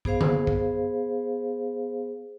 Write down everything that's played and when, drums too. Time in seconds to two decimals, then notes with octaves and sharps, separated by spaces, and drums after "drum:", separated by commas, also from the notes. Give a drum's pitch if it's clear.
0.05 B3 G#4 C5 F5, drum: kick
0.21 drum: tom D3
0.47 drum: kick